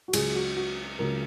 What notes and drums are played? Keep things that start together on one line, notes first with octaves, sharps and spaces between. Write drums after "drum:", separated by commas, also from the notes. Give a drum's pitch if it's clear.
F#4
C#2 C#3 F#3 G#4, drum: cymbal
F#4
F#4
C#2 C#3 F#3 A#4